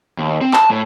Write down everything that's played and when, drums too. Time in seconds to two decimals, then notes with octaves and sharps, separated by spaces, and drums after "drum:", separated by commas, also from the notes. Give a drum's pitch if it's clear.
0.18 D#2
0.41 C4
0.53 A5, drum: clap
0.71 A2